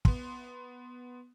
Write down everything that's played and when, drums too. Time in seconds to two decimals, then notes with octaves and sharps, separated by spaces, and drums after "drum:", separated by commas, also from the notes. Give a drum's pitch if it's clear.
0.05 B3 C6, drum: kick